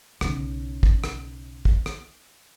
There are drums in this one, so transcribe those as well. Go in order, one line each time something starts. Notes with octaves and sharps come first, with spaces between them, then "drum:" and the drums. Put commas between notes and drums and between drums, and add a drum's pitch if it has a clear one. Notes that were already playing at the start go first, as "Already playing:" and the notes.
B1 C#3, drum: rim click
drum: kick
drum: rim click
drum: kick
drum: rim click